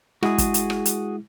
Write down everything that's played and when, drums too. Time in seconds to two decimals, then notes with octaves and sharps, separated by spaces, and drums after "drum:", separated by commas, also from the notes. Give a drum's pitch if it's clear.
0.23 G#3 E4 F#4 G#4, drum: rim click
0.38 drum: kick, hi-hat
0.54 drum: hi-hat
0.70 drum: rim click
0.85 drum: hi-hat